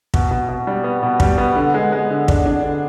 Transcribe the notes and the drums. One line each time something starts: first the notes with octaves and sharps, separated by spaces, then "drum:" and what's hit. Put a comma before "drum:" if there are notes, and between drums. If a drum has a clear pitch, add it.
B2, drum: kick
B2
B2
G3
B3
B2
G3, drum: kick
B3
D3
G#3
G#3
D3
D4, drum: kick
D4
D3